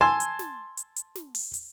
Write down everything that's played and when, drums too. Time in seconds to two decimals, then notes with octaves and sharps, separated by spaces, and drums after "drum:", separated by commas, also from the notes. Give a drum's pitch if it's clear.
0.01 G#5 A5 C6 E6
0.20 drum: hi-hat
0.39 drum: snare
0.77 drum: hi-hat
0.96 drum: hi-hat
1.15 drum: snare
1.35 drum: open hi-hat
1.54 drum: hi-hat